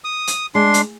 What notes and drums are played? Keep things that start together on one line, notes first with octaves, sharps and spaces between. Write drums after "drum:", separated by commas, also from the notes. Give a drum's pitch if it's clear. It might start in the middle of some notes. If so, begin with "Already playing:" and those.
D#6
drum: hi-hat
G#3 D4 C6
drum: hi-hat